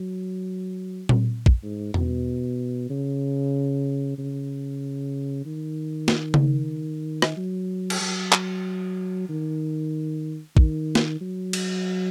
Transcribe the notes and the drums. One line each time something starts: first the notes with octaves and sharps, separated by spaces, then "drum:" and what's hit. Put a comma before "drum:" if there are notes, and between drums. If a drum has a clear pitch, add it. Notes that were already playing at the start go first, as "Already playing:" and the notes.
Already playing: F#3
drum: tom A#2
drum: kick
G#2
B2, drum: tom E2
C#3
C#3
D#3
drum: snare
drum: tom C#3
drum: rim click
F#3
drum: cymbal
F#3
drum: clap
D#3
D#3, drum: kick
drum: snare
F#3
drum: cymbal